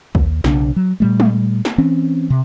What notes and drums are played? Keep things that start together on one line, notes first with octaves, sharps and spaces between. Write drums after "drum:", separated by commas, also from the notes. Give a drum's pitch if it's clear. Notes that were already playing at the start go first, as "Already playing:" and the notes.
D#2, drum: kick A#1
B1 C#3 G3 D4, drum: snare
F#3
A#2 G3 A3
drum: tom G3
drum: snare
E3 C4 C#4
C3